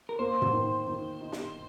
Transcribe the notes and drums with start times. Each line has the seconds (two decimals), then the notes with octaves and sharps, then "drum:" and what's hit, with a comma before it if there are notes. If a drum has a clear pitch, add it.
0.09 A#4
0.19 A#3 C5
0.42 drum: tom
0.53 D#3
0.87 D#3
1.21 D#4
1.32 drum: snare